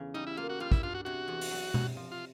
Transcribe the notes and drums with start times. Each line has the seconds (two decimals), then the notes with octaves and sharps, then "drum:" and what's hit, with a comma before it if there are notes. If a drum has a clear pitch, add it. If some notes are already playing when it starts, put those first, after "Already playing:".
Already playing: E2 C#3
0.14 G3 D#4
0.27 E4
0.37 A#3 F4
0.49 F#4
0.60 G3 F4
0.72 E4, drum: kick
0.83 D4 F4
0.94 F#4
1.05 C3 F#4
1.28 E2
1.41 drum: open hi-hat
1.51 F#3
1.74 C3, drum: tom B2
1.97 F3
2.11 F4